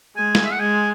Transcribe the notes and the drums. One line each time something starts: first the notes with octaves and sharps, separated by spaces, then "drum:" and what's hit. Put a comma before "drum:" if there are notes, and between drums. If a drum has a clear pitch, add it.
G#3 G#5
drum: snare
E5
F#5
G#3 G#5